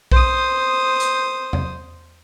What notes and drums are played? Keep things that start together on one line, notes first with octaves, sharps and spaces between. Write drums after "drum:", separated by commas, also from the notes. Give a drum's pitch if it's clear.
C5 D#6, drum: kick B1
drum: hi-hat
drum: tom E2